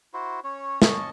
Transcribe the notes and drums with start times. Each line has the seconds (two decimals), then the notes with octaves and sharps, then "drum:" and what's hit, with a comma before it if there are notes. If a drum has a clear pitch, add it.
0.14 E4 F#4 C5
0.44 C#4 C#5
0.82 C#4 D#5 A5 C#6, drum: snare